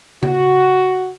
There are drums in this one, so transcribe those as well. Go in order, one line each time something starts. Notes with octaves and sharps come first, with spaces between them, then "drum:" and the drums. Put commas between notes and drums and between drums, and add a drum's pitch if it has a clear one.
F#4, drum: tom C#3